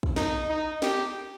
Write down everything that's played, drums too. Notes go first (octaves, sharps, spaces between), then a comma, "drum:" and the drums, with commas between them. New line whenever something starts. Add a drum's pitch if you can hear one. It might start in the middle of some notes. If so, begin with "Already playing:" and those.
drum: kick
D#4, drum: snare
D#4
G4, drum: snare